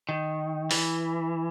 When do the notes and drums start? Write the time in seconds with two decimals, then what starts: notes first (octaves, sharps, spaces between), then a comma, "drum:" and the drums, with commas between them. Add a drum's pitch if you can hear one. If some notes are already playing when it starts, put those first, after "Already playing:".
0.09 D#3
0.71 E3, drum: open hi-hat